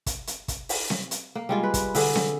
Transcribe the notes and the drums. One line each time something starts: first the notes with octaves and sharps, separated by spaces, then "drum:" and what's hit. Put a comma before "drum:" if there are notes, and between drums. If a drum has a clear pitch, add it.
drum: kick, hi-hat
drum: hi-hat
drum: kick, hi-hat
drum: open hi-hat
drum: snare C4
drum: hi-hat
A#3
G3 G#3 F4
B4
drum: kick, hi-hat
D3 G#4, drum: open hi-hat
drum: snare C4